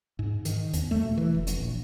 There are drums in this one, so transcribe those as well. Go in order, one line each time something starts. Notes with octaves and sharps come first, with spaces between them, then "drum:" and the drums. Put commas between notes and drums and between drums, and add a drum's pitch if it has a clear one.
G#2
D#3, drum: hi-hat
E2, drum: hi-hat
A3
B2
E3
F1
drum: hi-hat
A#1